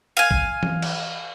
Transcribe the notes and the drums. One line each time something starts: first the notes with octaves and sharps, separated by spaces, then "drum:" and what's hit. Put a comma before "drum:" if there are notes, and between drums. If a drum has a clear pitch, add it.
F5 G#5
drum: kick
drum: tom E3
drum: cymbal